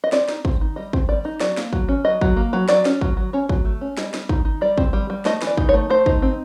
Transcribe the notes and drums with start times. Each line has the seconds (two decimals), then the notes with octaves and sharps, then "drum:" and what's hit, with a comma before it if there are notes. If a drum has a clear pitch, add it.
0.04 D#5
0.12 C4 D5, drum: snare
0.29 D#4, drum: snare
0.45 C4, drum: kick
0.61 D#4
0.76 G3 D#5
0.93 C4, drum: kick
1.09 G3 D5
1.25 D#4
1.40 F#3 D5, drum: snare
1.57 A#3, drum: snare
1.73 F#3, drum: kick
1.89 C#4
2.05 F#3 D#5
2.21 F#3, drum: kick
2.36 A#3
2.53 F#3
2.69 F#3 D5, drum: snare
2.85 C#4, drum: snare
3.01 F#3, drum: kick
3.17 F#3
3.33 C#4 C#5
3.49 F#3, drum: kick
3.65 A3
3.81 C#4
3.97 G3 D#5, drum: snare
4.14 G3, drum: snare
4.29 D#4, drum: kick
4.45 D#4
4.61 G3 D5
4.78 C4, drum: kick
4.93 G3
5.10 G3
5.25 A3 D#5, drum: snare
5.42 E3, drum: snare
5.47 D5
5.57 D#4, drum: kick
5.69 C#5
5.74 A3
5.90 A3 C5
6.06 D#4, drum: kick
6.22 C4